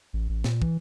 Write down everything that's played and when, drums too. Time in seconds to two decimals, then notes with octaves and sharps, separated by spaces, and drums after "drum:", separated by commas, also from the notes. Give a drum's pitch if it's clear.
0.13 A1
0.29 A1
0.44 A#2, drum: snare
0.62 E3, drum: kick